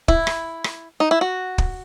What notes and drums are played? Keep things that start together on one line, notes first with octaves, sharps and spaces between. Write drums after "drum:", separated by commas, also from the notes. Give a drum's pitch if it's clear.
E4, drum: kick
drum: rim click
drum: rim click
D#4
E4
F#4
drum: kick